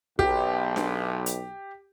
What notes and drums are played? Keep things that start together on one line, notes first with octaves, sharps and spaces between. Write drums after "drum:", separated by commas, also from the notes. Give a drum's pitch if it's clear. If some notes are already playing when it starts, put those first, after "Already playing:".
B1 G4, drum: kick
drum: snare D4
drum: hi-hat